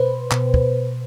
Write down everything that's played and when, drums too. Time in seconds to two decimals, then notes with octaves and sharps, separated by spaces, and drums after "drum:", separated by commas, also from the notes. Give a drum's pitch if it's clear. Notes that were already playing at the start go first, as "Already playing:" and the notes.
Already playing: B2 B4 C5
0.31 B2, drum: clap
0.54 drum: kick